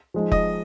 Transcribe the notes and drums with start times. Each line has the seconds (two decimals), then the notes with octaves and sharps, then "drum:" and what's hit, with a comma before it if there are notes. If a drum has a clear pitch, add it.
0.14 F3 G#3 D#4
0.32 D#5, drum: kick F1